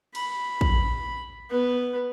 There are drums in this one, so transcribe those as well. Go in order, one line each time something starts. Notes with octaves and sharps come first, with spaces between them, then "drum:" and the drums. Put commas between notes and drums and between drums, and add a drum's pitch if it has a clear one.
B5, drum: cymbal
drum: kick
B3 B4